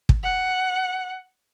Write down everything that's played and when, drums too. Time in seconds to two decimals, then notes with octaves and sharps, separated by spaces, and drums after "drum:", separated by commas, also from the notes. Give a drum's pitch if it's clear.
0.09 drum: kick
0.23 F#5